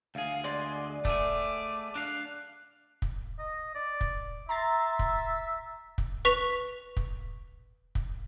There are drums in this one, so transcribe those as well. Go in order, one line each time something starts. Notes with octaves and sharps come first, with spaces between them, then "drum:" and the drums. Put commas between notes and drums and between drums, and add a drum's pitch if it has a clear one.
D2 G#4 F5
D3 G#3 D5 C6
A3 G#4 D6, drum: kick
D4 F5 F#6
drum: kick
D#5
D5
drum: kick
E5 A#5 C6 A6
drum: kick
drum: kick
B4 C#6 B6 F7
drum: kick
drum: kick